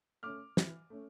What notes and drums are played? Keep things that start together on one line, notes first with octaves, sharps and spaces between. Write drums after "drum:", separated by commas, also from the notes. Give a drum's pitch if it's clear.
A3 C#4 D6 F6
E3, drum: snare
A3 C#4